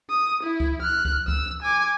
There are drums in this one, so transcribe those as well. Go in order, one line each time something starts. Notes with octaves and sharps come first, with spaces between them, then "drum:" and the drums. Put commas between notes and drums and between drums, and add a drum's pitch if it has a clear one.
D#6
E4
drum: kick C#2
F6 F#6
drum: kick C#2
E6, drum: kick C#2
G#5 D6